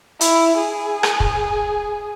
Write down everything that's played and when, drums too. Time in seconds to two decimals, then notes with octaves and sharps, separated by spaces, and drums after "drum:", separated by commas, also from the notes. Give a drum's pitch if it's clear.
0.21 E4, drum: hi-hat
0.58 G#4
1.03 drum: rim click
1.20 drum: kick